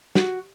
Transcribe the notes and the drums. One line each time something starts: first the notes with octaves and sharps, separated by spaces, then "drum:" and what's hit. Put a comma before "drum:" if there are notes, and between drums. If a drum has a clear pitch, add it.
F#4, drum: snare